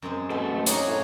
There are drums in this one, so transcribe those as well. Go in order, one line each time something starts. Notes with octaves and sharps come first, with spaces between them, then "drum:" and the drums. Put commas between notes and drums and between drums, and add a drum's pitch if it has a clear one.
F#2 G#3 C4
B2 A#3 C4 A4
A3
A#3 D#4 F#4 G#4 C#5, drum: hi-hat
A2